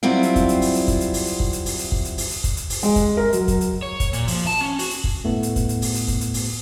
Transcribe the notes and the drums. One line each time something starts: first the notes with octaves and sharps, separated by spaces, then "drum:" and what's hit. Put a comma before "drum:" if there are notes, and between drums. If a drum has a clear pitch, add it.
F#3 G3 C4 E4 F4
drum: hi-hat
drum: kick, hi-hat
drum: hi-hat
drum: open hi-hat
drum: hi-hat
drum: kick, hi-hat
drum: hi-hat
drum: open hi-hat
drum: hi-hat
drum: kick
drum: hi-hat
drum: open hi-hat
drum: hi-hat
drum: kick
drum: hi-hat
drum: open hi-hat
drum: hi-hat
drum: kick, hi-hat
drum: hi-hat
drum: open hi-hat
G#3, drum: hi-hat
drum: kick, hi-hat
A#4
F#3, drum: hi-hat
drum: kick, hi-hat
drum: hi-hat
C#5
drum: kick, hi-hat
A#2, drum: hi-hat
F3, drum: open hi-hat
A5
C#4
F#4, drum: open hi-hat
drum: hi-hat
drum: kick
A2 A3 B3
drum: hi-hat
drum: kick, hi-hat
drum: hi-hat
drum: open hi-hat
drum: hi-hat
drum: kick, hi-hat
drum: hi-hat
drum: open hi-hat